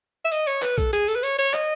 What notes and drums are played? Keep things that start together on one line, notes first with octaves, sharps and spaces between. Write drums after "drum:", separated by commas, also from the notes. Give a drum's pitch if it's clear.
E5
D#5, drum: hi-hat
C#5, drum: hi-hat
B4, drum: clap
A4, drum: kick, hi-hat
G#4, drum: hi-hat
A4, drum: hi-hat
B4
C#5, drum: hi-hat
C#5, drum: hi-hat
D#5, drum: clap